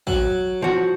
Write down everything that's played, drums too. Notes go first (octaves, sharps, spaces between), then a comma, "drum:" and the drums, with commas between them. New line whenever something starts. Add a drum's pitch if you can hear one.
F#3, drum: kick
F3 F#4